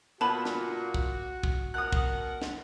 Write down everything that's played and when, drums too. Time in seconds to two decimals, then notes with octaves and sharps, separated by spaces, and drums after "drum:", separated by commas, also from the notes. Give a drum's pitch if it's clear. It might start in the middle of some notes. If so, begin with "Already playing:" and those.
0.21 A#2 B3 F#4 A5 B5
0.45 drum: snare
0.94 drum: kick
1.43 drum: kick
1.74 B2 A#4 F#5 D#6 F#6
1.93 drum: kick
2.42 drum: snare